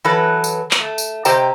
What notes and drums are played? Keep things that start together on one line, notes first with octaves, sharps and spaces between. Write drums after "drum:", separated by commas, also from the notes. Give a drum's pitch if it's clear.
E3 F#3 A4 B4
drum: tambourine
drum: clap
A3
drum: tambourine
C3 G4 C5 D#5 G5 A#5, drum: tambourine